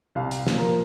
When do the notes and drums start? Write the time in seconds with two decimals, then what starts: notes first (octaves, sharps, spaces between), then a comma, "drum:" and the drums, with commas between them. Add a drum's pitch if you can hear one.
0.15 C2 F5
0.31 drum: hi-hat
0.47 A#2 F3, drum: snare
0.57 A#4